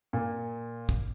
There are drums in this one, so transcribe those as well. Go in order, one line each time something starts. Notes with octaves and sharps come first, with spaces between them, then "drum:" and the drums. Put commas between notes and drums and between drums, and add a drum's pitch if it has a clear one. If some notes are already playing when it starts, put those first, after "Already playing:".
A#2
drum: kick